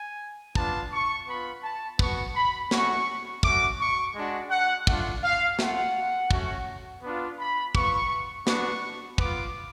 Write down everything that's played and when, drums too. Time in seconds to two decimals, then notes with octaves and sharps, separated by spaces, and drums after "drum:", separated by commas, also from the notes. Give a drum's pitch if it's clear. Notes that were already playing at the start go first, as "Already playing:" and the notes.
Already playing: G#5
0.55 B3 D4 F4 A5, drum: kick
0.92 C#6
1.27 B3 F4 B5
1.64 A5
1.99 B3 F#4 C#6, drum: kick
2.36 B5
2.71 A3 C#4 F#4 C#6, drum: snare
3.43 A3 C#4 F#4 D6, drum: kick
3.79 C#6
4.15 G#3 D4 F#4
4.51 F#5
4.87 A3 D4 F4 F#5, drum: kick
5.23 F5
5.59 A3 F4 F#5, drum: snare
6.31 A3 C#4 F#4, drum: kick
7.03 B3 D4 F4
7.39 B5
7.75 B3 F4 C#6, drum: kick
8.47 B3 D4 F#4 C#6, drum: snare
9.18 B3 F4 D6, drum: kick